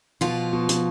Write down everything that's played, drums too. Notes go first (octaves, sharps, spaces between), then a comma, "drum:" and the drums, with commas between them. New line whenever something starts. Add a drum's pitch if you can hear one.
B2 F3 F4
B2
drum: hi-hat